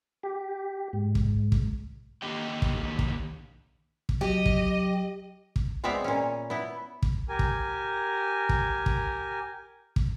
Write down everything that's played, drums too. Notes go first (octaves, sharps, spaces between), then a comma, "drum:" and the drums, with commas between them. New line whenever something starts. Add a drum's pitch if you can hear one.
G4
G#2
drum: kick
drum: kick
D3 D#3 A#3 G4 D#5 G5
drum: kick
drum: kick
drum: kick
F#3 G4 D#5
drum: kick
drum: kick
G#3 B3 C4 D5 E5 F5
A#2 C#4
B3 E4
drum: kick
G4 A#4 G#5
drum: kick
drum: kick
drum: kick
drum: kick